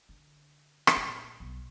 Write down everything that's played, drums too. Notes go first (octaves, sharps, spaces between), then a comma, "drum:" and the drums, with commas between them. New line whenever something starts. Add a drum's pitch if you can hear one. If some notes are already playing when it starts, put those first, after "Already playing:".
D3
drum: rim click
A#2
B1